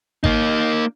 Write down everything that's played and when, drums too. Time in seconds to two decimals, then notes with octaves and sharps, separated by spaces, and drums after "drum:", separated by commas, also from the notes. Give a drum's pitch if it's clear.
0.24 A#3 D#4, drum: kick G#1